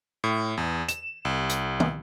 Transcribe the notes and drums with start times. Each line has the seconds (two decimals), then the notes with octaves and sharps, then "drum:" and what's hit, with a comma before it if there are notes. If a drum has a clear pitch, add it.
0.24 A2
0.57 E2
0.89 E7, drum: hi-hat
1.25 C2
1.50 drum: hi-hat
1.80 drum: tom